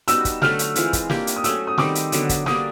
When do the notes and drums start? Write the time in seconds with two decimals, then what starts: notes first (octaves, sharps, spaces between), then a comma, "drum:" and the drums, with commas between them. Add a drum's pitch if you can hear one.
0.08 G3 B3 D#4 F#4 E6, drum: hi-hat
0.25 drum: kick, hi-hat
0.42 D3 F#3 A3 F6, drum: snare
0.59 drum: hi-hat
0.75 E3 G#3 C4 F4, drum: hi-hat
0.93 drum: kick, hi-hat
1.10 A#3 D4 G4, drum: snare
1.27 drum: hi-hat
1.36 D#6
1.44 F#3 A3 C#4 E6, drum: hi-hat
1.67 D#6
1.78 D#3 G3 C4 D6, drum: snare
1.95 drum: hi-hat
2.12 D3 F#3 B3, drum: hi-hat
2.29 drum: kick, hi-hat
2.46 D3 G3 A#3 D4 D#6, drum: snare